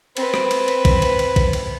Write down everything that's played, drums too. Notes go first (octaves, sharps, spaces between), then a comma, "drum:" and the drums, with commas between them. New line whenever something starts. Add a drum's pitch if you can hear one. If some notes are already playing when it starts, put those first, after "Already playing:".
C4 B4, drum: cymbal
drum: rim click
drum: cymbal
drum: cymbal
drum: kick, cymbal
drum: cymbal
drum: cymbal
drum: kick, cymbal
drum: cymbal